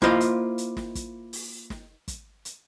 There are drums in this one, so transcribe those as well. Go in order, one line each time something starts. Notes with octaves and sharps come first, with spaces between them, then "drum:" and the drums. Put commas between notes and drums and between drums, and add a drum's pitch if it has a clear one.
A#3 E4 F4 C5 D#5 F5, drum: snare
drum: hi-hat
drum: hi-hat
drum: snare
drum: kick, hi-hat
drum: open hi-hat
drum: snare
drum: kick, hi-hat
drum: hi-hat